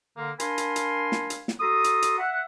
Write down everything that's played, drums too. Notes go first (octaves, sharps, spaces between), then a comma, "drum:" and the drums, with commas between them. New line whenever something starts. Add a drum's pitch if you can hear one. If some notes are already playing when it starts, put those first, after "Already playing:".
D3 A#3
D4 A#4 F5 G#5 B5 C6, drum: hi-hat
drum: hi-hat
drum: hi-hat
drum: snare
drum: hi-hat
drum: snare
F#4 A4 A#5 C6 D#6
drum: hi-hat
drum: hi-hat
E5 F#5